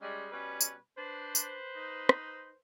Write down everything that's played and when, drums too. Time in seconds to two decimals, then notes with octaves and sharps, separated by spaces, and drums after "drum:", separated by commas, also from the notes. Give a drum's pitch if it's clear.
0.02 G3 G#3 C#4
0.32 B2 G3 C#4 B4
0.61 drum: tambourine
0.98 D4 B4 C5
1.35 drum: tambourine
1.76 D#4
2.09 drum: rim click